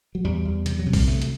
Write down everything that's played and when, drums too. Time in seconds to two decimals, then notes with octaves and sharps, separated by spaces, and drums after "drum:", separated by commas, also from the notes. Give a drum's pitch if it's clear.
0.15 F#3
0.25 E2 G3
0.45 E2
0.66 C3, drum: hi-hat
0.79 F#3
0.86 C3
0.93 G3, drum: kick B1, open hi-hat
1.07 D2 A3
1.22 drum: hi-hat